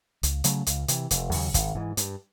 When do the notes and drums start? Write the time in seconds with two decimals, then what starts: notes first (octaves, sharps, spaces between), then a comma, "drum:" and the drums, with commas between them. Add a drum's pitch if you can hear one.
0.23 C#2, drum: hi-hat
0.44 C#3 F#3 A3, drum: hi-hat
0.66 C#2, drum: hi-hat
0.88 C3 E3, drum: hi-hat
1.11 F1, drum: hi-hat
1.32 D#2 C#3 F#3, drum: open hi-hat
1.54 G#1, drum: kick, hi-hat
1.75 G#2 E3
1.97 G2, drum: hi-hat